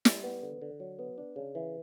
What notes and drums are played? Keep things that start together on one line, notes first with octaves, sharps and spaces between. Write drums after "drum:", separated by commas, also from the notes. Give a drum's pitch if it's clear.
G3, drum: snare
B3
D3
D3
F#3
B3
D4
C#3
E3